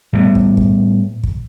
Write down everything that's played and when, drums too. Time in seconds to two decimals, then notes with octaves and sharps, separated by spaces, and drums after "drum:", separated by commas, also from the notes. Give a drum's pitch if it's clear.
0.13 A2 G3 A3 B3
0.35 drum: kick
0.57 drum: kick
1.23 drum: kick